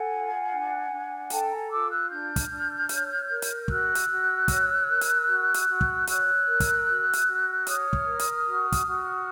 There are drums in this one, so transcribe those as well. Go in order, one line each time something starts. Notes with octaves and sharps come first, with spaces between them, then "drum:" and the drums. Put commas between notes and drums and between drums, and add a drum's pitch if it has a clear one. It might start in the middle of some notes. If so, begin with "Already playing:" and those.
Already playing: A4 F#5 G#5
F4
D4
D4
A4 G5 A5, drum: hi-hat
G#5 A#5
F4 D6 E6
E6 F#6
D4 F6 G6
drum: kick, hi-hat
D4
C#5, drum: hi-hat
A#4
drum: hi-hat
F#4 E6 F#6, drum: kick
drum: hi-hat
F#4
C#5, drum: kick, hi-hat
A#4
drum: hi-hat
F#4
drum: hi-hat
F#4
drum: kick
C#5 E6 F#6, drum: hi-hat
A#4
drum: kick, hi-hat
F#4
drum: hi-hat
F#4
C#5 D#6 F6, drum: hi-hat
drum: kick
A#4
drum: hi-hat
F#4
drum: kick, hi-hat
F#4